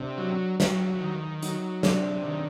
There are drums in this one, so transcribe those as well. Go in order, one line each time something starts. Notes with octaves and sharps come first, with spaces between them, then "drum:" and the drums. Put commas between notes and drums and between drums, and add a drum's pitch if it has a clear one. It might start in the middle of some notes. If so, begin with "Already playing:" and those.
Already playing: C3 D4
F#3
F#3, drum: snare
D#3
F#3 D#4, drum: hi-hat
C3 D4, drum: snare
D#3